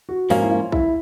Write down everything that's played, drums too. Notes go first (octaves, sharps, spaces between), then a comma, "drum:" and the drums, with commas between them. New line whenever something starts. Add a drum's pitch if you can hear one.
F#4
G#2 F3 A#3 C#4 F4, drum: open hi-hat
E4
F4
E4, drum: kick A#1